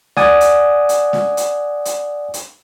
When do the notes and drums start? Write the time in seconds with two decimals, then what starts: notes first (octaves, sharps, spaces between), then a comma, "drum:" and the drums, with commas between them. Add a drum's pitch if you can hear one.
0.17 D5 F#5 G#5 D#6, drum: snare
0.41 drum: hi-hat
0.89 drum: hi-hat
1.13 drum: snare
1.37 drum: hi-hat
1.85 drum: hi-hat
2.34 drum: hi-hat